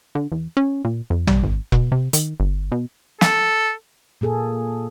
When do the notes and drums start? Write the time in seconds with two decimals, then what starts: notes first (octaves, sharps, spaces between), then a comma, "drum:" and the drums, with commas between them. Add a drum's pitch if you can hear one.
0.15 D3
0.32 E2
0.57 C#4
0.85 A#2
1.10 F2
1.27 G3, drum: tom
1.43 G#1
1.72 B2, drum: kick E1
1.92 C3
2.13 D#3, drum: hi-hat
2.40 G1
2.72 B2
3.21 A4, drum: snare
4.21 A#2 A#3 G#4 A4